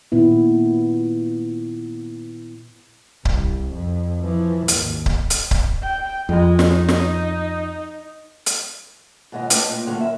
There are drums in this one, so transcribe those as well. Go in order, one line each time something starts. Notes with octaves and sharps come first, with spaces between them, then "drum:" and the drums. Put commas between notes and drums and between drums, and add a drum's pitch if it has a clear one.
A#2 D#3 B3 E4
C2, drum: kick C#1
F2
E3 F3
G#1 D#2, drum: hi-hat
drum: kick C#1
drum: hi-hat
drum: kick C#1
G5
F2 G#3
drum: snare
D#4
drum: snare
drum: hi-hat
G#2 B2 D#3 F4 D#5
A3 D4 B4 D#5 G5, drum: hi-hat
A#2
A#2 D3 D#3 F#3 A3 A#3
A#4 E5